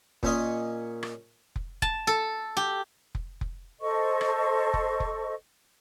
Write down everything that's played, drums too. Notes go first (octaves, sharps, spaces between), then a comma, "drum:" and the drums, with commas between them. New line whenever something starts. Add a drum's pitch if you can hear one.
A#2 C#4 D#5, drum: kick F1
drum: rim click
drum: kick F1
A5, drum: kick F1
A4
G4
drum: kick F1
drum: kick F1
A4 C5 D#5 C#6
drum: rim click
drum: kick F1
drum: kick F1